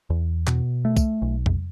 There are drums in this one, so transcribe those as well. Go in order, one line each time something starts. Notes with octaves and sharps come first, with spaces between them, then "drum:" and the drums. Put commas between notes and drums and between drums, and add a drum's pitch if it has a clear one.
E2
B2, drum: clap
A3
drum: kick, tambourine
B1
drum: tom F2